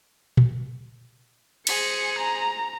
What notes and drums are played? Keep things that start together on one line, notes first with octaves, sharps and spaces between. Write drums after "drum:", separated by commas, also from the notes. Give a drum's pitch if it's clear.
drum: tom A#2
G#4 C5 C#7, drum: cymbal
A#5